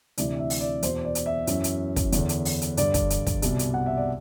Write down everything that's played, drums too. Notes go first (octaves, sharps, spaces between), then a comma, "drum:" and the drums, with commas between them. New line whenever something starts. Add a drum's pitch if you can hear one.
D2 C3 E3 D5, drum: hi-hat
E5
drum: open hi-hat
D5
E2 B2 C5, drum: hi-hat
D5
drum: hi-hat
E5
F#2 E3, drum: hi-hat
drum: hi-hat
drum: kick, hi-hat
E2 D3, drum: hi-hat
drum: hi-hat
drum: open hi-hat
drum: hi-hat
G2 D3 D5, drum: hi-hat
drum: kick, hi-hat
drum: hi-hat
drum: kick, hi-hat
C2 B2, drum: hi-hat
drum: hi-hat
F#5
E5
D5